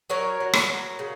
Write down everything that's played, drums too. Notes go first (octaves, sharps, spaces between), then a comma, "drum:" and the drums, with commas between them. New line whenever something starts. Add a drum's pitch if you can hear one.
F#3 A#4 C#5
F#3
drum: rim click
F#3
C#3